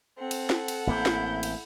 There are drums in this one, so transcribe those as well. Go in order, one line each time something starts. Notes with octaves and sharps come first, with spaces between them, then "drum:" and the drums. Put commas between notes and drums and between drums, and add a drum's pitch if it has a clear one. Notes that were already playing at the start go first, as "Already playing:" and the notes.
C4 A4 F#5
drum: cymbal
drum: snare
drum: cymbal
A1 A#3 C4 E4 G6
drum: snare
drum: cymbal